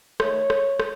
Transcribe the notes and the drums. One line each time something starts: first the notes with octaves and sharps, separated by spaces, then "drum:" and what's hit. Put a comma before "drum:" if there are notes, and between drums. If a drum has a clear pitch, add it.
D#3 A3 C#5, drum: rim click
drum: rim click
drum: rim click